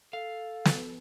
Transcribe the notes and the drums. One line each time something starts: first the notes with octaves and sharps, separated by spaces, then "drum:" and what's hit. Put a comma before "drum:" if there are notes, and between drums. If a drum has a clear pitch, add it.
A4 F5
drum: snare